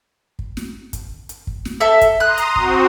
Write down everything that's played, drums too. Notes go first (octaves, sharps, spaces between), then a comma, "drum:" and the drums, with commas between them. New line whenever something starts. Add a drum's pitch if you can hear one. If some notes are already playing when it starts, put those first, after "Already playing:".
drum: kick
drum: snare
drum: kick, hi-hat
drum: hi-hat
drum: kick
drum: snare
A4 E5 A5
drum: kick, hi-hat
A#5 C6 D#6 F#6
drum: hi-hat
C4 F#4, drum: kick